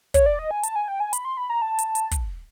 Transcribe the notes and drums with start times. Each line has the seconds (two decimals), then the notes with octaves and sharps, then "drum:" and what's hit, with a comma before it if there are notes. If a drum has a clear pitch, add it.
0.14 C#5, drum: kick, hi-hat
0.26 D5
0.39 D#5
0.51 G#5
0.63 A5, drum: hi-hat
0.76 G#5
0.88 G5
1.00 G#5
1.13 B5, drum: hi-hat
1.25 C6
1.37 B5
1.50 A#5
1.62 A5
1.79 drum: hi-hat
1.95 drum: hi-hat
2.11 drum: kick, hi-hat